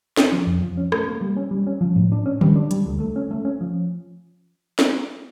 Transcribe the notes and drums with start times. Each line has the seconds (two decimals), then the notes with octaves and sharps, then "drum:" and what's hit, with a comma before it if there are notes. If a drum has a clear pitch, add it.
0.17 C#4, drum: snare
0.32 F3
0.47 F2
0.62 F3
0.77 C#4
0.92 A3, drum: rim click
1.07 A#3
1.21 G3
1.37 C#4
1.51 G3
1.67 C#4
1.81 F3
1.96 A2
2.12 D4
2.26 C#4
2.41 G3, drum: tom D3
2.56 D4
2.71 G3, drum: hi-hat
2.86 D2
3.00 A3
3.16 C#4
3.31 A3
3.45 C#4
3.61 F3
4.79 drum: snare